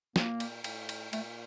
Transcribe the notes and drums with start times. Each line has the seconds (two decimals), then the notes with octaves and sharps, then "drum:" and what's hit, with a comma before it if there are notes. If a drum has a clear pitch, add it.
0.16 A#2 A#3, drum: snare
0.40 drum: cymbal
0.64 A2, drum: cymbal
0.89 drum: cymbal
1.13 A#2 A3, drum: cymbal